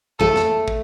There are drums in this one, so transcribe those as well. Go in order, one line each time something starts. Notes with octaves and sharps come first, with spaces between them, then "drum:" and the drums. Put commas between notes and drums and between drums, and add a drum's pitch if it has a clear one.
A3 A4, drum: kick
drum: snare
drum: kick